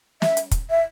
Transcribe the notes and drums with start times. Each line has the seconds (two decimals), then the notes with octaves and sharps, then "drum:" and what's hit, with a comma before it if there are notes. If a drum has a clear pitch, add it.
0.22 E5, drum: snare
0.37 drum: hi-hat
0.51 drum: kick, hi-hat
0.70 E5